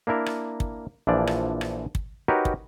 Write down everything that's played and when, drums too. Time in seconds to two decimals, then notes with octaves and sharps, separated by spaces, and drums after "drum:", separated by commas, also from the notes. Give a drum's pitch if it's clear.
0.07 A#3 D4 E4 A#4
0.26 drum: rim click
0.60 drum: kick
1.07 A#1 E3 F3 D4 D5
1.27 drum: rim click
1.61 drum: rim click
1.95 drum: kick
2.28 D#4 F#4 G4 A#4 B4 C#5
2.45 drum: kick